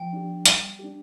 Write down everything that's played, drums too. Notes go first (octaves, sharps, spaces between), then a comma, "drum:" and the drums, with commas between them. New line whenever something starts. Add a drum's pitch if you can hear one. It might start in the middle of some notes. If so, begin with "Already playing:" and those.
Already playing: F3 G5
D4 G4
G3, drum: hi-hat
D4 G4